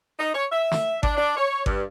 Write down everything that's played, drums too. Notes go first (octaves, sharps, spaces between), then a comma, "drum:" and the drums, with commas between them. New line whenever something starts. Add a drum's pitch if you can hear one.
D#4
C#5
E5
drum: snare
D4, drum: kick G#1
D4
C#5
G2, drum: kick G#1